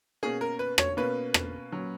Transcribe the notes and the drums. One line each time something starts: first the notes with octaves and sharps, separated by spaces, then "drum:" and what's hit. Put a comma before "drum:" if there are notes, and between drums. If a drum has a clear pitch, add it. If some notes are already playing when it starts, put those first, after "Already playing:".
B2 A#3 C#4 G#4
A#4
B4
C#5, drum: rim click
B2 A#3 C#4 B4
drum: rim click
A#2 F#3 C#4